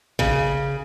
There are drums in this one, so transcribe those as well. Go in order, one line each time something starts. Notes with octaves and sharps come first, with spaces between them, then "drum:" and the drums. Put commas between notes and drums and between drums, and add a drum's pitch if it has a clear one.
C#3, drum: kick G#1